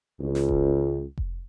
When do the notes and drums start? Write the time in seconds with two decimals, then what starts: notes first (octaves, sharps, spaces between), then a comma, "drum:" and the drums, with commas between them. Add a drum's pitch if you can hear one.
0.21 C#2
0.35 drum: snare
0.49 drum: kick F1
1.18 drum: kick F1